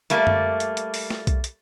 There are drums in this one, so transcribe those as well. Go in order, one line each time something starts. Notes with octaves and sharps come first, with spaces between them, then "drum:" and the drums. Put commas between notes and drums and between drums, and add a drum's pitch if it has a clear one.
G3 A3 A#3, drum: hi-hat
drum: tom F#2
drum: hi-hat
drum: hi-hat
drum: open hi-hat
drum: snare
drum: kick B1, hi-hat
drum: hi-hat